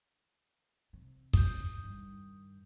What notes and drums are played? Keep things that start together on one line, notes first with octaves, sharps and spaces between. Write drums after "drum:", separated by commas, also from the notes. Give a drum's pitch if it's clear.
C3
D#6 G6, drum: kick
G2 D#3